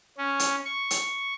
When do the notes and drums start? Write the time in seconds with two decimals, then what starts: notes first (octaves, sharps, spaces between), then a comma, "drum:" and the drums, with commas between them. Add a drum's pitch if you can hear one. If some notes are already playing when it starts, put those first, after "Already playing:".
0.18 C#4
0.40 drum: hi-hat
0.65 C#6
0.90 drum: hi-hat